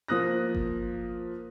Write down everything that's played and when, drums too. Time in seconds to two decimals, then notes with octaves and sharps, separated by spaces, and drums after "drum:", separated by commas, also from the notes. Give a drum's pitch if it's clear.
0.08 F3 A#3 D#6 F#6 A#6
0.55 drum: kick G1